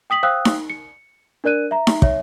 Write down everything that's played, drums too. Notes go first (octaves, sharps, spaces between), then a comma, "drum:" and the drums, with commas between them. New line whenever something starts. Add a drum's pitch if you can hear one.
G5 D#6 B6 F#7
C5 F5 G5 D#6 E6 F#6
drum: snare D#4
C#7
D4 A#4 D5 F#6 D#7
E5 A#5
drum: snare D#4
C#5 E5, drum: kick